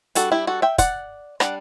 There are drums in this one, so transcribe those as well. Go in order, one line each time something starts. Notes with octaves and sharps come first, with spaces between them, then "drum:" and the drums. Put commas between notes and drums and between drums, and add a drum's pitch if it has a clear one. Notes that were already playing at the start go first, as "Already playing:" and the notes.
G3 D4 F#4 A4, drum: hi-hat
E4 G4
F#4 A4
E5 G5
D5 F#5, drum: kick, hi-hat
G3 D4 D5 F#5, drum: rim click